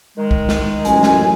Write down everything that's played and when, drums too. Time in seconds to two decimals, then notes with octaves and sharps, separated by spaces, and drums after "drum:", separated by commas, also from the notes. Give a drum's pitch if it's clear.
0.17 D#3 G#3
0.31 drum: kick B1
0.49 drum: snare
0.85 A1 F#2 G#5, drum: hi-hat
1.03 drum: snare